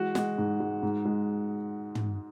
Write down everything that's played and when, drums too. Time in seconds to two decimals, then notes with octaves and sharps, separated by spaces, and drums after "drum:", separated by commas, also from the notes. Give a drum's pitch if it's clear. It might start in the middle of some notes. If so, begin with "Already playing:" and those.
Already playing: E3 G#3 F#4
0.15 G#3, drum: snare
0.38 G#2
0.60 G#3
0.83 G#2
1.05 G#3
1.95 drum: tom